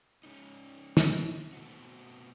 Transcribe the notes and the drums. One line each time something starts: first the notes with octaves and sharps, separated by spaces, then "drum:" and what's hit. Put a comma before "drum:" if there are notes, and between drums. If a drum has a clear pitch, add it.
G#3 C#4 D#4
drum: snare
B2 A3 C4 F#4